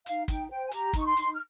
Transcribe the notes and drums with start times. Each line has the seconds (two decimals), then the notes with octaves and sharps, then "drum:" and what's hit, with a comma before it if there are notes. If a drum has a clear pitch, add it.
0.06 D#4 F5, drum: hi-hat
0.28 D#4 G5, drum: kick, hi-hat
0.50 C5 G5
0.66 G#5
0.71 G4 A#5, drum: hi-hat
0.93 D#4 C#6, drum: kick, hi-hat
1.05 C6
1.17 D#4, drum: hi-hat
1.33 F6